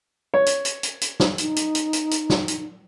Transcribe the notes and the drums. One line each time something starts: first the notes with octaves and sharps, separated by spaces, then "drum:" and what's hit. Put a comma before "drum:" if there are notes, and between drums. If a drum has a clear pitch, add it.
C#5
drum: hi-hat
drum: hi-hat
drum: hi-hat
drum: hi-hat
drum: snare
D#4, drum: hi-hat
drum: hi-hat
drum: hi-hat
drum: hi-hat
drum: hi-hat
drum: snare
drum: hi-hat